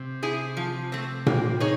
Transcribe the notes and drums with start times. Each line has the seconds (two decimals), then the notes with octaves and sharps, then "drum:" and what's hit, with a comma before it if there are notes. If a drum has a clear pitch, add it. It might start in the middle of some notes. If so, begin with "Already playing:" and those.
Already playing: C3
0.23 E4 G#4
0.57 F3
0.92 A3 C4
1.26 A#3, drum: tom A#2
1.60 D#4 G#4 C#5